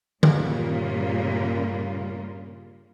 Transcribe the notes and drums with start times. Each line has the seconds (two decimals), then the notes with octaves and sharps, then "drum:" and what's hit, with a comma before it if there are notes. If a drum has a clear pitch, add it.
0.23 G2 A#2 C#3 G3 A#3 F4, drum: tom D3